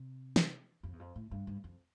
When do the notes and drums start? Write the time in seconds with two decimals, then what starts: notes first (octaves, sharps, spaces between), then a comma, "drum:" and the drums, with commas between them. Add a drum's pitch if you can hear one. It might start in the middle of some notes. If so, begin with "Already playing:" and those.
Already playing: C3
0.36 drum: snare
0.83 F2
0.93 E2
0.99 F2
1.16 A2
1.31 G2
1.47 G2
1.64 F2